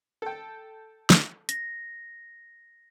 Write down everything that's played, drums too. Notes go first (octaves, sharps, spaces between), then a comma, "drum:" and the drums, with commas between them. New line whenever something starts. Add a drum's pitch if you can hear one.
A4 G5
drum: snare
A#6, drum: hi-hat